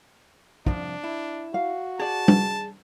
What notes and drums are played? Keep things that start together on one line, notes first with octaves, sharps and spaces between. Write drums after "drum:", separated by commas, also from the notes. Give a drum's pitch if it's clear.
C2 F3 D4, drum: kick
E4
F#4 F5
G#4 D5 A5
drum: tom G3